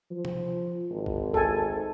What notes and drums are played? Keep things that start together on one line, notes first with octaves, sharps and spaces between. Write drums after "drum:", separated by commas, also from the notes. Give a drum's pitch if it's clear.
F3
drum: tom C3
G#1
drum: kick
A4 G#5, drum: kick